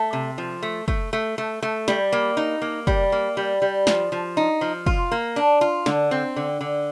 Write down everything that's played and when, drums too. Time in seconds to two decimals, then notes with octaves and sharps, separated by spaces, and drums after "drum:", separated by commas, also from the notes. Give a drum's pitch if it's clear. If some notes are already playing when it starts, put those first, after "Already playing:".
Already playing: A3
0.13 C3
0.38 F3
0.63 A3
0.88 A3, drum: kick
1.13 A3
1.38 A3
1.63 A3
1.88 G3, drum: snare
2.12 A#3
2.37 D#4
2.62 A#3
2.87 G3, drum: kick
3.12 A#3
3.37 G3
3.62 G3
3.87 F3, drum: snare
4.12 F3
4.37 D#4
4.61 F3
4.86 F4, drum: kick
5.12 A#3
5.36 D4
5.61 F4
5.86 D3, drum: snare
6.11 C4
6.36 D3
6.61 D3